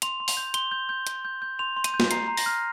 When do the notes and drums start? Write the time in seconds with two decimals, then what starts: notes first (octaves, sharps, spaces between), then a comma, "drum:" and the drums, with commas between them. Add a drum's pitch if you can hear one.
0.02 C6 F7, drum: hi-hat
0.20 C6
0.28 F7, drum: open hi-hat
0.37 G6
0.54 C6 G7, drum: hi-hat
0.71 G6
0.89 G6
1.07 G6, drum: hi-hat
1.25 G6
1.42 G6
1.59 C6 F7
1.77 C6
1.84 D#7, drum: hi-hat
1.94 G6
2.00 D#7, drum: snare
2.11 A#5 C7, drum: hi-hat
2.28 A#5
2.37 A#6, drum: open hi-hat
2.46 F6